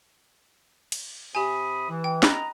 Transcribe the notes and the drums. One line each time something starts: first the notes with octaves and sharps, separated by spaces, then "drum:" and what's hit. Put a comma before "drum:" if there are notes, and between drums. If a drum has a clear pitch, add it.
drum: cymbal
C3 G4 G#5 B5 D#6
E3
G5
D#5 A#5 B5 F#6, drum: snare